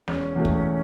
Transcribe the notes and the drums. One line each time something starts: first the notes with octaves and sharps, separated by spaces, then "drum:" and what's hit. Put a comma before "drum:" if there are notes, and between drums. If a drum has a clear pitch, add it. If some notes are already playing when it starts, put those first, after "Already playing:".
E1 C#4, drum: snare
E2 B2 A3
drum: kick